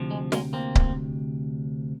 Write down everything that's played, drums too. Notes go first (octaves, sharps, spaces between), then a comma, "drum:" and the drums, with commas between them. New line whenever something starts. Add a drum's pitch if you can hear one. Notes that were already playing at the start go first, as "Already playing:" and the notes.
Already playing: D2 C3 F3
G#3
G#3 A#3, drum: snare
A#3 C4
drum: kick C#1